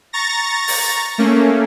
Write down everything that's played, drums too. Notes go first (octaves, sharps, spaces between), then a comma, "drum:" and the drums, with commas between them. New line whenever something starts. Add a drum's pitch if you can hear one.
A#5 C#6 A6 A#6
drum: open hi-hat
A3 A#3 C#4